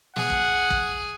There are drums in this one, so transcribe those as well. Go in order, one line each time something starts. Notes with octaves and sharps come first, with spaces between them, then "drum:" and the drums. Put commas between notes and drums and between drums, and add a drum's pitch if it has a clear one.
G#4 F#5, drum: snare
drum: kick
drum: kick